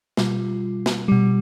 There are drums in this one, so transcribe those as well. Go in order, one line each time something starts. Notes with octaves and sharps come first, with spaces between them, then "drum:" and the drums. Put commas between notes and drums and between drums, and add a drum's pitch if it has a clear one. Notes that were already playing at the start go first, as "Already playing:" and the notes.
B2 G3 F4, drum: snare
drum: snare
B2 G3